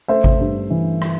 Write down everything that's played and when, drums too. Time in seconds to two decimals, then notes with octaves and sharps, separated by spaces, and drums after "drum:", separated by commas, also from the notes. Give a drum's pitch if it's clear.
0.08 A3 C5 E5
0.24 drum: kick G#1
0.40 G2
0.70 E3
1.02 drum: rim click